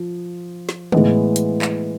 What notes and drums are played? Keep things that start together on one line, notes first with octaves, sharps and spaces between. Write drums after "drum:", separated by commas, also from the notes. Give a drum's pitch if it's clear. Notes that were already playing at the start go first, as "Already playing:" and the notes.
Already playing: F3
drum: snare
A2 E3 G#3 B3, drum: tom
drum: hi-hat
drum: clap